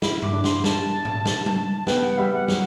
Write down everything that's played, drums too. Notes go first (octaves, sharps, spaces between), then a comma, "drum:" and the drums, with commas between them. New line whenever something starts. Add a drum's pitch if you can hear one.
E4 B5, drum: snare
D6, drum: tom G2
D4
C6, drum: snare
A5, drum: snare
drum: tom G#2
drum: snare
drum: tom F#3
A5
B3 G5, drum: snare
F#5
G3 E5
F#5
F#3 F#5, drum: snare